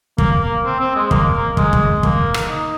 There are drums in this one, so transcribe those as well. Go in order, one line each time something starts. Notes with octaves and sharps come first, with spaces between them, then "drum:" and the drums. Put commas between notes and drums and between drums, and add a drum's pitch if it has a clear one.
A#3, drum: kick
A#3
C4
C4
G#3
A#3, drum: kick
A#3
G#3, drum: kick
drum: kick
A#3, drum: kick
drum: rim click
D#4